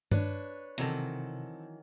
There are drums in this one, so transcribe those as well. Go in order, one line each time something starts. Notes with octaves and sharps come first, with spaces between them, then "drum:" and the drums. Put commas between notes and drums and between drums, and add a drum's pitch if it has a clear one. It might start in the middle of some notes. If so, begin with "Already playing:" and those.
D4 B4 C#5, drum: tom G2
C3 D#3 E3 F#3 C4 A4 A#5, drum: hi-hat